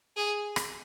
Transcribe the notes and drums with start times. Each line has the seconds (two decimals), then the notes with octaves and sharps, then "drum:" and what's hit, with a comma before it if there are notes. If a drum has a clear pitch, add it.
0.16 G#4
0.56 drum: rim click